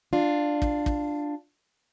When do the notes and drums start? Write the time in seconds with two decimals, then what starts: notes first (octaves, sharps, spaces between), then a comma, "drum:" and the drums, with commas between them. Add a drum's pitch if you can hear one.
0.13 D4 F4
0.62 drum: kick
0.86 drum: kick